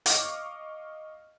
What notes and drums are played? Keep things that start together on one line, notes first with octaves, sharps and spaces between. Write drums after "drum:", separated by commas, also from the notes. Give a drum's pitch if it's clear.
D#5 F5 C#6 D6 F6, drum: hi-hat